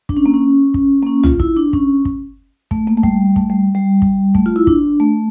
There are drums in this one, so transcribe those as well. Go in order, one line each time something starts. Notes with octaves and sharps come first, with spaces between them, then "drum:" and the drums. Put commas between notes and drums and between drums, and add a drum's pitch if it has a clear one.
D4, drum: kick
C#4
A#3
C#4
drum: kick
A#3
C#4
F4, drum: tom B1
E4, drum: kick
D4
C#4, drum: kick
drum: kick
A3, drum: kick
A#3
A3
G3, drum: kick
A3, drum: kick
G3
G3
drum: kick
A3, drum: kick
F4
E4
D4, drum: kick
A3